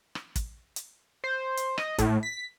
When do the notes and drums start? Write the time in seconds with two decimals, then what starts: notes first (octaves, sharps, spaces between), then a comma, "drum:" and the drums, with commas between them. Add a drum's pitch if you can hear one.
0.15 drum: rim click
0.36 drum: kick, hi-hat
0.76 drum: hi-hat
1.24 C5
1.57 drum: hi-hat
1.78 D#5, drum: rim click
1.98 A2, drum: kick, hi-hat
2.23 B6